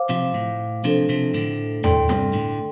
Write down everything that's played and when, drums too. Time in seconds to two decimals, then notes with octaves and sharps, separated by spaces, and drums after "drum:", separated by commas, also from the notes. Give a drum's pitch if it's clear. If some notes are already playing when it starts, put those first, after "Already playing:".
Already playing: C5 F5 D6
0.09 C3 F3
0.34 A2
0.84 C3 F3 D4 A4 C5
1.09 C3 F3
1.34 A2 D3
1.84 A2 A4 D5 G5 C6, drum: tom D#2
2.09 G2 C3, drum: snare
2.33 A2 D3